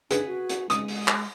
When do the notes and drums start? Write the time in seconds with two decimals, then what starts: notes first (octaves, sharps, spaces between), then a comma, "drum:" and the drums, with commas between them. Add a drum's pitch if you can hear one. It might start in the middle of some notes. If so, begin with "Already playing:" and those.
0.11 D4 G#4 B4, drum: hi-hat
0.27 F#4
0.49 drum: hi-hat
0.70 G#3 D#6, drum: hi-hat
0.88 drum: open hi-hat
1.08 drum: clap